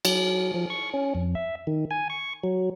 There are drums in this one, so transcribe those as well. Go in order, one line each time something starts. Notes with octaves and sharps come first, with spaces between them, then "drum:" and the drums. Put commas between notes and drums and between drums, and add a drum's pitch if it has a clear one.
F#3, drum: cymbal
F3
C#6
C#4
F2
E5
D#3
G#5
C#6
F#3